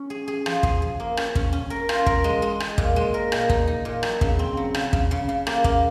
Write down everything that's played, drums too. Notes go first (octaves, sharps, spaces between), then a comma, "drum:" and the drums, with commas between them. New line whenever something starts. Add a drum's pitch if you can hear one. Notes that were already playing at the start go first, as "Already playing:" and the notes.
Already playing: C#4
G#4
G#4
F3, drum: rim click
G#4, drum: kick
G#4
A#3
C#4, drum: rim click
C#4, drum: kick
C#4
A#4
F4, drum: rim click
A#4, drum: kick
G#3
G#3
G#3, drum: rim click
A#2, drum: kick
G#3
A#4
A#2, drum: rim click
D#4, drum: kick
D#4
A#2
F#3, drum: rim click
C#3, drum: kick
C4
F#3
C#3, drum: rim click
C#3, drum: kick
C#3
C#3
A#3, drum: rim click
A#3, drum: kick